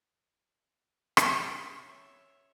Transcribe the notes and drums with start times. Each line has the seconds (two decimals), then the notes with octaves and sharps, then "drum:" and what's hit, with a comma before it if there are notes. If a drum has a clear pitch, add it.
1.17 C#4 F#4, drum: rim click
1.74 C#5 E5